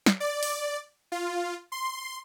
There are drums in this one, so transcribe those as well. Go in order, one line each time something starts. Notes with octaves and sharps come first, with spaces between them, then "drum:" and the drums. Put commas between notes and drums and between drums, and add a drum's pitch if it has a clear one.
drum: snare
D5
drum: open hi-hat
F4
C6